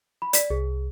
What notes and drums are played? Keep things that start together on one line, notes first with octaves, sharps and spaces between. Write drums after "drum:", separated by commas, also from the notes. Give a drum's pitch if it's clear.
B5
D5 B6, drum: hi-hat
C2 G#4